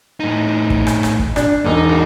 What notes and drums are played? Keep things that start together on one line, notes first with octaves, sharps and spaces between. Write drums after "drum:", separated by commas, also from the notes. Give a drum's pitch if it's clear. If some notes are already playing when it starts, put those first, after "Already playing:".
A2 D#4
drum: kick
drum: rim click
drum: rim click
drum: kick
D4, drum: rim click
E1 D#4
D#4 F#4